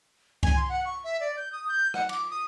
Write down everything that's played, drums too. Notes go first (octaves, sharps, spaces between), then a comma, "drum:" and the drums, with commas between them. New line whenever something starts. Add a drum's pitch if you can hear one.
G#5, drum: kick C2, cymbal
C6
F#5
C#6
E5
D5
G6
D#6
G6
F#5, drum: rim click
D6, drum: cymbal
D#6